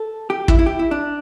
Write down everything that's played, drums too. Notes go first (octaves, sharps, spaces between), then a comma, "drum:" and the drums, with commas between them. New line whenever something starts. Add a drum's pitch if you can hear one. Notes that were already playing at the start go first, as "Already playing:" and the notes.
Already playing: A4
G4
E4, drum: kick
E4
G4
E4
D4